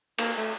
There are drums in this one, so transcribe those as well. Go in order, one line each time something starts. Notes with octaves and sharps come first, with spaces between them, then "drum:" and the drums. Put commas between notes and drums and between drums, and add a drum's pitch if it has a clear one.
A#3, drum: cymbal
A3